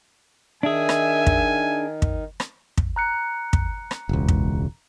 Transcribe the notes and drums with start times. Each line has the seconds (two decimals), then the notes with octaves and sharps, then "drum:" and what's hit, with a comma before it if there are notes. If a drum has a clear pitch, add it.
0.63 D#3 D4 G#4 E5 G#5
0.89 drum: rim click
1.26 drum: kick
2.02 drum: kick
2.40 drum: rim click
2.77 drum: kick
2.96 A#5 F#6 C#7
3.53 drum: kick
3.91 drum: rim click
4.09 E1 C#2
4.28 drum: kick